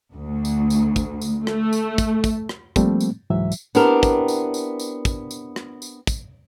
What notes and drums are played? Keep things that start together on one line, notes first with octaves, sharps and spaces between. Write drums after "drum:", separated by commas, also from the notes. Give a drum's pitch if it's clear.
D2
drum: tambourine
drum: tambourine
drum: kick, tambourine
drum: tambourine
A3, drum: rim click
drum: tambourine
drum: kick, tambourine
drum: kick, tambourine
drum: rim click
F3 G3 A3 A#3 C4, drum: kick, tambourine
drum: tambourine
C2 G#2 E3 F#3 E5
drum: tambourine
B3 C4 D4 E4 G4 A#4, drum: tambourine
drum: kick, tambourine
drum: tambourine
drum: tambourine
drum: tambourine
drum: kick, tambourine
drum: tambourine
drum: rim click
drum: tambourine
drum: kick, tambourine